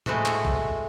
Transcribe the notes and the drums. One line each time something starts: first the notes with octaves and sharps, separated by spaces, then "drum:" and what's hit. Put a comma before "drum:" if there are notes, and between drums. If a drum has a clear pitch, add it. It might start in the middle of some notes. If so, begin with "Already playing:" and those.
G#3 A3 C4 E4 F#4 A4, drum: tom A2
drum: clap
drum: kick